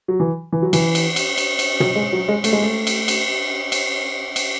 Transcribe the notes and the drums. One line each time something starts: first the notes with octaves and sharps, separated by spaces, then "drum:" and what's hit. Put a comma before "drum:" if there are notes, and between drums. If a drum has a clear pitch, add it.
F#3
E3
E3
F#3
E3, drum: cymbal
drum: cymbal
drum: cymbal
drum: cymbal
drum: cymbal
F#3, drum: tom
G#3
F#3
G#3
A3, drum: cymbal
G#3
A3
drum: cymbal
drum: cymbal
drum: cymbal
drum: cymbal